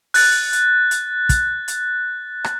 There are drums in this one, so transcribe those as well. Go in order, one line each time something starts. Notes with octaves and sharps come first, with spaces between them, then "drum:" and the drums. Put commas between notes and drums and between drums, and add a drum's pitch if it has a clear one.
F#6 A6, drum: open hi-hat
drum: hi-hat
drum: hi-hat
drum: kick, hi-hat
drum: hi-hat
drum: rim click